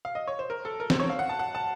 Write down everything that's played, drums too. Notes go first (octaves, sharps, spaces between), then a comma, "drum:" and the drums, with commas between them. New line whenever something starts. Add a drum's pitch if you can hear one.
F5
D#5
C#5
C5
A#4
A4
A#4
C5, drum: snare
C#5
F5
F#5
A5
F#5
A5